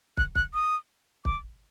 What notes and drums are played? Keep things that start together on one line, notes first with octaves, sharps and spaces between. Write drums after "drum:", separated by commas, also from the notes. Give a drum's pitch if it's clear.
F#6, drum: kick
F#6, drum: kick
D#6
D6, drum: kick